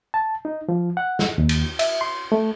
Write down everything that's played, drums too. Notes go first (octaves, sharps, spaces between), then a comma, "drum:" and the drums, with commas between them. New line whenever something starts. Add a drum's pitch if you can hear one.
A5
D#4
F3
F#5
drum: snare
D#2
drum: cymbal
E5, drum: cymbal
C6
A3